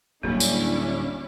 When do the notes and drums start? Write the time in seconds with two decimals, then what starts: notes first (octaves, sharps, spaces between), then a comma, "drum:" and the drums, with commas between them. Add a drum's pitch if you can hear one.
0.23 D1 F#3 G3 A#3 C#4 D4 E4
0.40 drum: tambourine